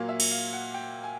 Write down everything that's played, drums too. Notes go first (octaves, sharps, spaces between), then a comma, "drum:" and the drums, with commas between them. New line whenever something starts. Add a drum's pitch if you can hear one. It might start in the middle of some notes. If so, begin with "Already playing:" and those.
Already playing: A#2 F#3 A#3 F5
E5
drum: cymbal
F5
F#5
G5
G#5